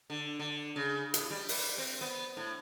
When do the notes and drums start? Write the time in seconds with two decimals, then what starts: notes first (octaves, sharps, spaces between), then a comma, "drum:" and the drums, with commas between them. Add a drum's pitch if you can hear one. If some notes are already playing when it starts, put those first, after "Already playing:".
0.10 D3
0.40 D3
0.76 C#3
1.14 A2, drum: hi-hat
1.30 G3
1.49 drum: open hi-hat
1.78 C4
2.01 B3
2.37 A2